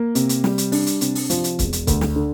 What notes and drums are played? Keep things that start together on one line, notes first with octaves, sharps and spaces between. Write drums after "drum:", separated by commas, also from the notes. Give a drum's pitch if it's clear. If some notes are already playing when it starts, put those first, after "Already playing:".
Already playing: A#3
C3, drum: hi-hat
drum: hi-hat
G3, drum: snare
drum: hi-hat
D4, drum: open hi-hat
drum: hi-hat
C3, drum: hi-hat
drum: open hi-hat
F3, drum: hi-hat
drum: hi-hat
E1, drum: kick C#1, hi-hat
drum: hi-hat
D2, drum: kick C#1, hi-hat
drum: snare
D3